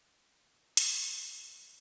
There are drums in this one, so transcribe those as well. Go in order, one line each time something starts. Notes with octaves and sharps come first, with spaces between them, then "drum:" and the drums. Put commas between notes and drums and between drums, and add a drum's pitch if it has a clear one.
F#2
G#3
A#3
F2
G3
D3, drum: hi-hat
F2
F#4
A2
F#3
E2
G2